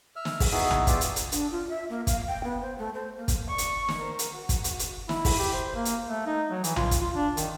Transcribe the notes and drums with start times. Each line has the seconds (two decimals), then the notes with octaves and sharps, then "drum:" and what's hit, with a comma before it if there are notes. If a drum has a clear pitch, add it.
0.16 E5 E6 F6
0.25 drum: snare
0.40 drum: kick, open hi-hat
0.52 B3 D#4 E4 F#4 G#4
0.71 drum: tom B1
0.87 B3 F4 G4 G#4 D5 E5, drum: kick, hi-hat
1.01 drum: hi-hat
1.16 drum: hi-hat
1.32 D4, drum: hi-hat
1.51 F4
1.69 E5
1.90 A#3
2.07 F5, drum: kick, hi-hat
2.28 G5
2.44 B3
2.61 C5
2.79 A3
2.94 C5
3.17 A#3
3.28 drum: kick, hi-hat
3.48 D5 C#6
3.58 drum: hi-hat
3.88 drum: snare
3.98 A#4 C5
4.19 drum: hi-hat
4.34 F#4
4.49 drum: kick, hi-hat
4.64 drum: hi-hat
4.79 drum: hi-hat
5.09 E4, drum: snare
5.25 drum: kick, open hi-hat
5.39 G4
5.53 C5
5.75 A#3
5.85 drum: hi-hat
6.09 A3
6.26 D#4
6.51 F#3
6.64 E3, drum: hi-hat
6.76 F4, drum: tom B1
6.91 drum: kick, hi-hat
7.01 F4
7.15 D4
7.37 D#3, drum: hi-hat